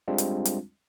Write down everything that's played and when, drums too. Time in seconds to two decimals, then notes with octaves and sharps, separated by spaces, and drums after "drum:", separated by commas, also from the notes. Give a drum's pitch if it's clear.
0.08 G3 G#3 C4 D4 F4
0.18 drum: hi-hat
0.45 drum: hi-hat